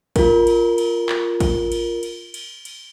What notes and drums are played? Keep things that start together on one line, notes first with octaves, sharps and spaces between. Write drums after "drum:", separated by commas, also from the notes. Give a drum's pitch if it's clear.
F4 A#4, drum: kick A1, cymbal
drum: cymbal
drum: cymbal
drum: clap
drum: kick A1, cymbal
drum: cymbal
drum: cymbal
drum: cymbal
drum: cymbal